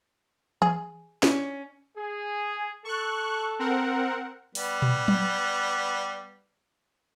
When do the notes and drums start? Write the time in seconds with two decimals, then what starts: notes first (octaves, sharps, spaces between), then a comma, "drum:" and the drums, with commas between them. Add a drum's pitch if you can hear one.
0.62 G#4, drum: tom E3
1.23 C#4, drum: snare
1.97 G#4
2.85 A4 C#6 F#6
3.59 C4 A#4 F#5
4.55 G3 B3, drum: open hi-hat
4.82 drum: tom A#2
5.08 drum: tom F#3